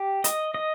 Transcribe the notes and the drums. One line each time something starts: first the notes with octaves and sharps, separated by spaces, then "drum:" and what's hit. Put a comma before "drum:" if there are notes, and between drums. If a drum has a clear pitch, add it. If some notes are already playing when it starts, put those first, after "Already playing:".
Already playing: G4
D#5, drum: hi-hat
D#5